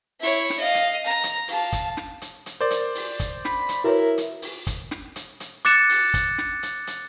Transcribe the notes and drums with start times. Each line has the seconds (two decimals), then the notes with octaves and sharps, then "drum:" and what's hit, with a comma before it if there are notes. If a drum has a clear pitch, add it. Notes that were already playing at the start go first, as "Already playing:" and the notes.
0.20 E4 C#5
0.50 drum: snare
0.60 D#5 F5
0.74 drum: hi-hat
1.06 A#5
1.23 drum: hi-hat
1.48 F5 A5, drum: open hi-hat
1.73 drum: kick, hi-hat
1.97 drum: snare
2.22 drum: hi-hat
2.46 drum: hi-hat
2.61 A#4 C5 D5
2.71 drum: hi-hat
2.95 drum: open hi-hat
3.20 drum: kick, hi-hat
3.45 B5, drum: snare
3.69 drum: hi-hat
3.84 E4 F#4 A#4 B4 C#5
4.18 drum: hi-hat
4.42 drum: open hi-hat
4.67 drum: kick, hi-hat
4.91 drum: snare
5.16 drum: hi-hat
5.40 drum: hi-hat
5.65 D6 F#6 A6 C#7 E7, drum: hi-hat
5.89 drum: open hi-hat
6.14 drum: kick, hi-hat
6.38 drum: snare
6.63 drum: hi-hat
6.87 drum: hi-hat